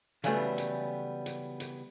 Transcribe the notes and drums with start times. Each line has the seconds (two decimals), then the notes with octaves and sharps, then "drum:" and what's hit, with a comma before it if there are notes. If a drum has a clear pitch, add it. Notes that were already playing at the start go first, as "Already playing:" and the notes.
0.24 C#3 E3 F#3 G3 A3 B3, drum: hi-hat
0.58 drum: hi-hat
1.26 drum: hi-hat
1.60 drum: hi-hat